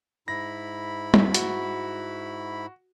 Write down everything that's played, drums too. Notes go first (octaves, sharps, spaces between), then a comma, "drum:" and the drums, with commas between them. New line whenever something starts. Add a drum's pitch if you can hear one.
G#2 E4 B5 A#6
drum: tom G3
F#4, drum: hi-hat